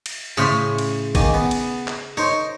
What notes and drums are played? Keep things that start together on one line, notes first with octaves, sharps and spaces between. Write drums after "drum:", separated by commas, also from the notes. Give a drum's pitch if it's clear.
drum: cymbal
A2 C#3 G#4 C5 C#5 E5
drum: cymbal
D#3 A#3 G#5, drum: kick G#1, cymbal
B3
drum: cymbal
drum: clap
D#4 A#4 C5 C#5